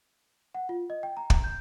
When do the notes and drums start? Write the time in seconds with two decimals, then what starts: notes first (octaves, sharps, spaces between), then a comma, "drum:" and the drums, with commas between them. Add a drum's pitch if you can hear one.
0.55 F#5
0.69 F4
0.90 D#5
1.03 G5
1.17 A#5
1.30 drum: kick
1.44 G6